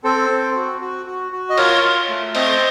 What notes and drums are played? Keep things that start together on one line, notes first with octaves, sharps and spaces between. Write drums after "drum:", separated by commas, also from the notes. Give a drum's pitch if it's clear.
C4 A4 C5
C4
F#4
F#4
F#4
F#4
D#5
F4 A#4 C#5, drum: cymbal
F4
A3
C4 C5 D#5, drum: cymbal